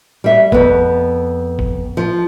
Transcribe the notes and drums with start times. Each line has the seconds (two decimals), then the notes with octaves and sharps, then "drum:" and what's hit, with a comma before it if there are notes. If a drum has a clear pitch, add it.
0.24 G3 E5
0.52 F2 B3, drum: kick G1
1.59 drum: kick G1
1.97 F3